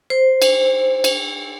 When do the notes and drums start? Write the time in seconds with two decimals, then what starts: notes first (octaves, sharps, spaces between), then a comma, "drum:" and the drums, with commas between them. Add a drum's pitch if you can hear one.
0.10 C5
0.42 drum: cymbal
1.04 drum: cymbal